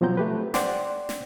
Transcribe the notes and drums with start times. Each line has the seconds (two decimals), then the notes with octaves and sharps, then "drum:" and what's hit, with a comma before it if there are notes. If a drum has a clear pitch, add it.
0.01 B2 F3 F#3 C4 A#5 G6
0.17 A3 G4 B4
0.54 C5 D5 F#5 G5 C6 D6, drum: snare
1.09 drum: snare